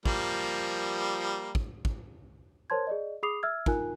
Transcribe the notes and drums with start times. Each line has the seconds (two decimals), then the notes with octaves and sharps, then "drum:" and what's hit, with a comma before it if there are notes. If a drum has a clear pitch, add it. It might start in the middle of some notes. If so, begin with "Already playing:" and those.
0.05 F3 G3 A#3, drum: kick
1.55 drum: kick
1.85 drum: kick
2.70 A#4 C5 C#5 A5 C6 G#6
2.87 G#4 D5 D#5
3.23 G#4 B5 D6 D#6 C7 F7
3.43 E5 E6 F6 G#6
3.66 D#4 F4 A#4 G#5 F#6, drum: kick